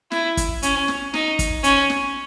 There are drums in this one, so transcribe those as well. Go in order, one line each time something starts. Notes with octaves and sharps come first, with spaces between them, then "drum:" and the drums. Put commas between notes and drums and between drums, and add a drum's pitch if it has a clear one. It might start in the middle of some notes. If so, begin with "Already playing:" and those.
E4, drum: snare
drum: kick, hi-hat
C#4, drum: hi-hat
drum: snare
D#4, drum: snare
drum: kick, hi-hat
C#4, drum: hi-hat
drum: snare